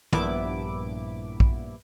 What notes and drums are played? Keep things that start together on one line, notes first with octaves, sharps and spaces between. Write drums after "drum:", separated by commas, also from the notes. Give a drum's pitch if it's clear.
A#1 G2 B3 E4 D6, drum: tom
drum: kick A#1